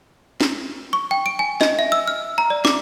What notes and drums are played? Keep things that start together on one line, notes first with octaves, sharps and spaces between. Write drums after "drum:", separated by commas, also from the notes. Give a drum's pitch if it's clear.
drum: snare
C#6
G5
D7
G#5
D#5, drum: snare
E5
E6
F6
A#5
D5
D6, drum: snare